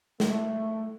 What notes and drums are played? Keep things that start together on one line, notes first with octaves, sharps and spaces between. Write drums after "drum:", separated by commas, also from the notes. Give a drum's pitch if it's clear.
A3, drum: snare